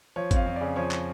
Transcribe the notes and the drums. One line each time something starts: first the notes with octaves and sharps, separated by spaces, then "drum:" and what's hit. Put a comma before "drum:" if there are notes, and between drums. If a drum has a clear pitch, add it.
F3 C#5
F2, drum: kick, hi-hat
F5
F2
C#3 D5
F3 C#5
drum: clap